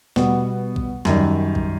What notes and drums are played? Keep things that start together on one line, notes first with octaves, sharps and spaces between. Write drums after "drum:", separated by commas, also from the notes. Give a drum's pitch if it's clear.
B2 G3 B3, drum: snare
drum: kick A#1
F#2 D#3 G3, drum: snare
drum: kick A#1